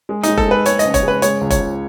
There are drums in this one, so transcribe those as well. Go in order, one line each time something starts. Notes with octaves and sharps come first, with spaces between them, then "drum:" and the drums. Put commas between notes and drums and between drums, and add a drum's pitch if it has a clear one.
G#3
G#3 D#4, drum: hi-hat
A4, drum: kick F1
G#3 B4
G#3 C#5, drum: hi-hat
D#5, drum: hi-hat
C#3
C#5, drum: kick F1, hi-hat
G#3 B4
G#3 C#5, drum: hi-hat
C#2
C#5, drum: kick F1, hi-hat
C#2